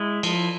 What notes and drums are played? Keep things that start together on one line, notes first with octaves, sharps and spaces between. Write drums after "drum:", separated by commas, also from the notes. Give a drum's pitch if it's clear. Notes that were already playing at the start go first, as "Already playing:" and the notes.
Already playing: G#3 E4
F3, drum: cymbal